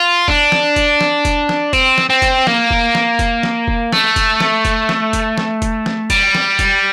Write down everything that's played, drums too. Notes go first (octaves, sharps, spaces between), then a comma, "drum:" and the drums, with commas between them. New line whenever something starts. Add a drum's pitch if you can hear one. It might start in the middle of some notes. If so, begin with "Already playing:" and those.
Already playing: F4
D4, drum: kick
drum: snare
drum: kick, hi-hat
drum: snare
drum: kick, hi-hat
drum: snare
C4, drum: kick, hi-hat
drum: snare
C4
drum: kick, hi-hat
A#3, drum: snare
drum: kick
drum: snare
drum: kick, hi-hat
drum: snare
drum: kick
A3, drum: snare
drum: kick, hi-hat
drum: snare
drum: kick, hi-hat
drum: snare
drum: kick, hi-hat
drum: snare
drum: kick, hi-hat
drum: snare
G3, drum: kick, hi-hat
drum: snare
drum: kick, hi-hat